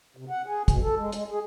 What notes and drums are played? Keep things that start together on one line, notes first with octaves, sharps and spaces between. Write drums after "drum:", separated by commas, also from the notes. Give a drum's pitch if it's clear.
C3
F#5
G#4
B2, drum: kick, hi-hat
A4
G#3
G#3, drum: hi-hat
G#4